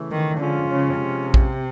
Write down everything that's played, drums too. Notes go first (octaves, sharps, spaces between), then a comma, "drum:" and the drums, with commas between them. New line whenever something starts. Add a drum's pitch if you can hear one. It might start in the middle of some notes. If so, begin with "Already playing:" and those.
Already playing: C#3 E3 A3
D#3
D3 F3 G#3 C#4 F4
C#3
C3
drum: kick A#1